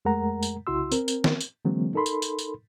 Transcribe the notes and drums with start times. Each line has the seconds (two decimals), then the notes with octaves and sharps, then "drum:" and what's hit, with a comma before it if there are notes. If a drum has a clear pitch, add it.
0.05 F2 G#3 A3 A#4 F#5 A#5
0.43 drum: tambourine
0.67 C2 C#3 E4 F#4 C6 E6
0.92 C4 A#4, drum: tambourine
1.08 drum: tambourine
1.24 drum: snare
1.41 drum: tambourine
1.65 D3 E3 F#3 G#3 A#3 C4
1.94 D#4 A4 A#4 B5 C6
2.06 drum: tambourine
2.22 drum: tambourine
2.39 drum: tambourine